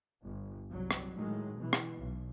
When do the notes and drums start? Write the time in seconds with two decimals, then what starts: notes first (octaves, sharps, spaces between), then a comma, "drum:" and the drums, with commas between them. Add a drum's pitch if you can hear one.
0.24 G1
0.70 C2 F#3
0.91 drum: rim click
1.15 A2 D#3 F#3 G#3
1.56 B2 E3
1.73 drum: rim click
1.98 B1